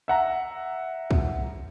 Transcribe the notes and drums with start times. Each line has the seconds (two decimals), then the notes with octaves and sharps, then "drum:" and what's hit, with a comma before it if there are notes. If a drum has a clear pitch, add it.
0.08 E5 F#5 A#5
1.11 drum: kick